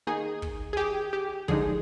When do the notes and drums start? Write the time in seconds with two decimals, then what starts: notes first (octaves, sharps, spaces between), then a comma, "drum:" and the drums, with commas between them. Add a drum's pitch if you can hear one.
0.07 D#3 A#3 D#4 G#4
0.42 drum: kick
0.73 G#4
0.77 G4
1.13 G4
1.48 D3 F3 G#3 D#4 G#4, drum: kick